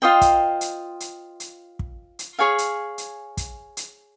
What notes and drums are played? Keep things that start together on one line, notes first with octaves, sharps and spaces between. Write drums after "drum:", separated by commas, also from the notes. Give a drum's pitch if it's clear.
F4 C5 D#5 G5
drum: kick, hi-hat
drum: hi-hat
drum: hi-hat
drum: hi-hat
drum: kick
drum: hi-hat
G#4 C#5 F5 G#5
drum: hi-hat
drum: hi-hat
drum: kick, hi-hat
drum: hi-hat